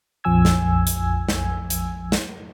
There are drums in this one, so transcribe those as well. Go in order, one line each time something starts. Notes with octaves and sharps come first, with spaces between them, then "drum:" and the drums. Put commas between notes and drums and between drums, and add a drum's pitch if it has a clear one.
A#1 F2 F3 G#5 E6 G#6
drum: snare
drum: hi-hat
drum: snare
drum: hi-hat
drum: snare